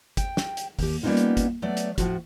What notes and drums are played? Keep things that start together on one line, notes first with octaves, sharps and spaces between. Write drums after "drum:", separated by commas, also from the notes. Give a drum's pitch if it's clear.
G5, drum: kick G1, hi-hat
drum: snare
drum: hi-hat
D#2 G4, drum: kick G1, open hi-hat
G3 A#3 B3 C#4 D#4 F4
drum: hi-hat
drum: kick G1, hi-hat
F#3 A3 B3 D5
drum: hi-hat
A2 F3 F4 F#4, drum: kick G1, hi-hat